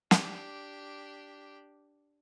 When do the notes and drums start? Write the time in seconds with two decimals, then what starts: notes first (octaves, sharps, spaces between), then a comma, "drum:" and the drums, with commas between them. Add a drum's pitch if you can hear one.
0.11 D4 G4, drum: snare